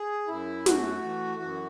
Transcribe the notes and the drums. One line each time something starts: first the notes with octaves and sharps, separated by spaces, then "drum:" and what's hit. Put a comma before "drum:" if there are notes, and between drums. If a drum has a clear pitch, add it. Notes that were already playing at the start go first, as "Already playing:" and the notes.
Already playing: G#4
F#2 E4
A3 F#4, drum: snare
E3
F#2